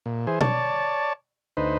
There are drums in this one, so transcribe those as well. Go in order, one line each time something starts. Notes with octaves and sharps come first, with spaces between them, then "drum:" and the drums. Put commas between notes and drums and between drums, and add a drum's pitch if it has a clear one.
A#2
E3 G#4 C5
C#5 D5 A5, drum: tom B2
D2 D#4 B4 C5